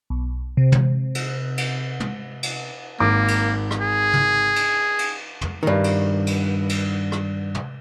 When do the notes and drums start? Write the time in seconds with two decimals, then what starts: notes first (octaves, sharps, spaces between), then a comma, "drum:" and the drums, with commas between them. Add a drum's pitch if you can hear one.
0.10 B1
0.57 C3
0.72 drum: tom
1.15 drum: cymbal
1.57 drum: cymbal
2.00 drum: tom
2.43 drum: cymbal
3.00 G#1 A#3 D6
3.28 drum: cymbal
3.71 drum: rim click
3.81 G#4
4.13 drum: tom
4.56 drum: cymbal
4.99 drum: cymbal
5.41 drum: tom
5.63 G2 D#3
5.84 drum: cymbal
6.27 drum: cymbal
6.69 drum: cymbal
7.12 drum: rim click
7.55 drum: tom